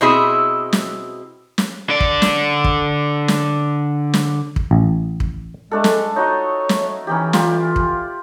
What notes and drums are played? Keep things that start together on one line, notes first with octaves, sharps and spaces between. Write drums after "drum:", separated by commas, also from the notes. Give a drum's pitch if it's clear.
B2 C4 E4 G#4 E5
drum: snare
drum: snare
D3 D5
drum: kick
drum: snare
drum: kick
drum: snare
drum: snare
drum: kick
A1
drum: kick
G#3 A3 D4 A4
drum: snare
D#4 F#4 C#5 D#5
drum: snare
E3 C#4 D#4 G4
F4 G4 D5, drum: snare
drum: kick